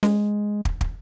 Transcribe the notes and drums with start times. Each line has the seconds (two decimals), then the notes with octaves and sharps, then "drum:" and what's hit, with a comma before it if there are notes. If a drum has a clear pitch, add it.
0.03 G#3, drum: snare C#4
0.65 drum: kick
0.81 drum: kick